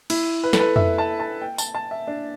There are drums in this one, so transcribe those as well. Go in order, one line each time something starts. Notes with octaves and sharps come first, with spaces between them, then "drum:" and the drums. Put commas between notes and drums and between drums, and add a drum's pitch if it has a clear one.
E4, drum: cymbal
B4
A4, drum: snare
B4
E5, drum: tom F2
A5
A5
G5
A5, drum: tambourine
A5
E5
D4